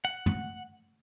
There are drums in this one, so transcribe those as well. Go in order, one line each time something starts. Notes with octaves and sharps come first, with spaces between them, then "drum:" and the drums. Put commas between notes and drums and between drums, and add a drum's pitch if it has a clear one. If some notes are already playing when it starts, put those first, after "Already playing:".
F#5
drum: tom